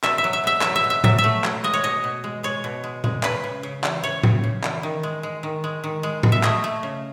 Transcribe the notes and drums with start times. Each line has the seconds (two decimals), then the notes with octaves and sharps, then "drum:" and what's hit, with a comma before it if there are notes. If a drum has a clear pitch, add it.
0.04 B2 E5, drum: clap
0.18 E5
0.24 F#3
0.33 E5
0.44 B2 E5
0.61 F#3 E5, drum: clap
0.76 E5
0.84 B2
0.90 E5
1.04 F#3 E5, drum: tom A2
1.18 E5
1.24 A3
1.44 F#3, drum: clap
1.64 G#3 D#5
1.73 C#5
1.84 B2 D#5
2.04 B2
2.24 G#3
2.43 G#3 C#5
2.64 B2
2.84 G#3
3.04 G#3, drum: tom A#2
3.23 C#3 B4, drum: clap
3.44 C#3
3.63 C#3
3.84 E3, drum: clap
4.03 E3 C#5
4.23 C#3, drum: tom A2
4.44 C#3
4.63 E3, drum: clap
4.83 D#3
5.03 G#3
5.23 G#3
5.43 D#3
5.64 G#3
5.84 D#3
6.03 G#3
6.23 G#3, drum: tom A2
6.32 E5
6.43 A3 D#5, drum: clap
6.64 A3
6.83 C#3